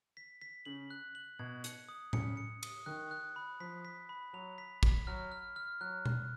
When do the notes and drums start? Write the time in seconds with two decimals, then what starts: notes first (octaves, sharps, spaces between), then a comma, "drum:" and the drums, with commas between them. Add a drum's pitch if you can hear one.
0.17 B6
0.42 B6
0.65 C#3 F#7
0.90 F#6
1.15 F#7
1.39 B2 G#6
1.64 C#7, drum: hi-hat
1.89 D#6
2.13 C#3 C#7, drum: tom A2
2.37 C#7
2.63 D#6, drum: cymbal
2.86 D#3 F#6
3.11 F#6
3.36 B5
3.60 F3 B6
3.85 B6
4.09 B5
4.33 F#3 F7
4.58 B6
4.83 B6, drum: kick
5.07 F#3 F6
5.32 F6
5.56 F6
5.81 F#3 F#6
6.06 F#6, drum: tom B2